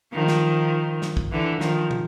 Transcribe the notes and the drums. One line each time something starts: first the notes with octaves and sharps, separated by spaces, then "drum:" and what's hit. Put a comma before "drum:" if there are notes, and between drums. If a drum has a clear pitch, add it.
D#3 F3
drum: snare
drum: snare
drum: kick
D3 E3
D#3 F3, drum: snare
drum: tom